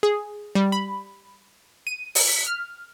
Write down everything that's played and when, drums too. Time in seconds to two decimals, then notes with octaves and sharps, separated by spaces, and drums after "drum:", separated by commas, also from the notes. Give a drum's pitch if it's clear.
0.03 G#4
0.55 G3
0.72 B5
1.87 D#7
2.15 drum: open hi-hat
2.28 B6
2.47 F6